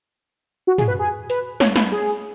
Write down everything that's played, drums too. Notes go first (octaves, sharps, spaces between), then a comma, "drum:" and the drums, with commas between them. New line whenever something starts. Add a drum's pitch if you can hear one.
F#4
G#4, drum: tom
B4
G#4
B4, drum: hi-hat
C#5, drum: snare
B4, drum: snare
G#4